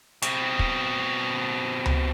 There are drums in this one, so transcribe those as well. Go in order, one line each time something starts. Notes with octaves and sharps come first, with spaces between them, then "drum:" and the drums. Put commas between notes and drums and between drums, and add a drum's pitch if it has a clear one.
B2 C4, drum: hi-hat
drum: kick
drum: tom C#2